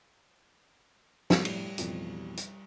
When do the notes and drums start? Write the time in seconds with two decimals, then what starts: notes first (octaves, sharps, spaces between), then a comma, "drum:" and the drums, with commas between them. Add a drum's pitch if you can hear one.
1.30 G3, drum: snare
1.45 A2, drum: cymbal
1.78 A1 F2 B2, drum: hi-hat
2.37 drum: hi-hat